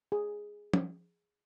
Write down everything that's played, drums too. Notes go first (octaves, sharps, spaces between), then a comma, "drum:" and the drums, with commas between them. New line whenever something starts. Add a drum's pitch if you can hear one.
G#4
drum: tom